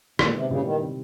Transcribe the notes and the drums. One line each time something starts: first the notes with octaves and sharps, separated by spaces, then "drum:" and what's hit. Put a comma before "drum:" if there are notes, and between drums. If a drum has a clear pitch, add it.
A#2 D#3 G#3 B3 D#4, drum: rim click
C3
A#2 C#3 G3 B3 E4
D#3
C3 D#3